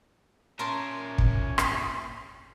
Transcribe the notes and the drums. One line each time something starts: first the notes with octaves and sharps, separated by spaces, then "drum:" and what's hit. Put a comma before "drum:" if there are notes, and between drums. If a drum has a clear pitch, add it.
A#2 C#4 A#4 E5 A5 C6
drum: kick
drum: rim click